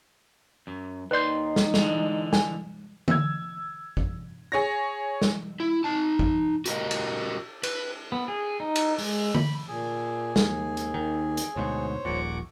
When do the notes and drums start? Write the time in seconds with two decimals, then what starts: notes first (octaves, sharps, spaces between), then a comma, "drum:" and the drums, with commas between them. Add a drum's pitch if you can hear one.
0.67 F#2
1.11 D#2 D#4 B4 D5 C6 G6
1.56 drum: snare
1.74 D3 E3 G#3, drum: snare
2.33 G#5, drum: snare
3.08 E6 G#6, drum: tom D3
3.97 drum: kick G#1
4.52 G#4 C#5 A#6
5.22 drum: snare
5.60 E4
5.84 D#4 A5
6.19 drum: kick G#1
6.66 F#4 G4 A#4 D5 D#5, drum: hi-hat
6.91 drum: cymbal
7.63 B4, drum: cymbal
8.12 B3
8.28 G#4
8.60 D#4
8.76 drum: cymbal
8.98 G#3, drum: open hi-hat
9.35 B5, drum: tom D3
9.68 A#2 G#4
10.36 D#2, drum: snare
10.77 drum: hi-hat
10.94 D#3
11.37 drum: hi-hat
11.56 D2 G#2 B2 C5 C#5
12.05 D#1 A#1 A#2 F#5 C#6 D6